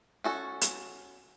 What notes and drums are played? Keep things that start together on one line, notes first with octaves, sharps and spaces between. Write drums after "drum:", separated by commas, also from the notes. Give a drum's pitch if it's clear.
C#4 F#4 A4
drum: hi-hat